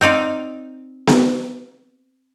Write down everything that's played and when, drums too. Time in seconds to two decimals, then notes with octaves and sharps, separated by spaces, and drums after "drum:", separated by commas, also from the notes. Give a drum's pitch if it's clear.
0.01 C4 D#4 D5 F5
1.07 drum: snare B3